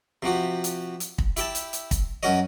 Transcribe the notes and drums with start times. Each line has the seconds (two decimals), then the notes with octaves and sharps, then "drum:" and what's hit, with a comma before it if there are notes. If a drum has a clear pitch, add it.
0.22 C3 F3 F#4 G4
0.64 drum: hi-hat
1.00 drum: hi-hat
1.18 drum: kick
1.37 E4 G4 G5 A5, drum: hi-hat
1.55 drum: hi-hat
1.73 drum: hi-hat
1.91 drum: kick, hi-hat
2.23 F#2 C#4 F#4 C#5 D#5